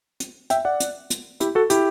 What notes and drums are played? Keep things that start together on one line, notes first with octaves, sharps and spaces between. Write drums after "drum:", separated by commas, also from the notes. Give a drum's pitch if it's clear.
drum: hi-hat
E5 G5, drum: hi-hat
D5 F#5
drum: hi-hat
drum: hi-hat
E4 G4, drum: hi-hat
F#4 A4
E4 G4, drum: hi-hat